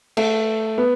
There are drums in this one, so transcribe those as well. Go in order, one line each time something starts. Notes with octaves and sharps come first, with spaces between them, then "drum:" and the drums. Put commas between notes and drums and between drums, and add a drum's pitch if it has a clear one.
A3, drum: cymbal
B3